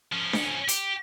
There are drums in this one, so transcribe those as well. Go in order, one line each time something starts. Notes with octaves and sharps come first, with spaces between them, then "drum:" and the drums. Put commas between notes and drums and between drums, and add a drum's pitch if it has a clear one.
F3 C#4
drum: snare D4
G4, drum: hi-hat